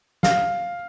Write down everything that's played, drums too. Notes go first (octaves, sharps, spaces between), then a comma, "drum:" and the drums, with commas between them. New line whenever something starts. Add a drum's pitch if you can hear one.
F5, drum: snare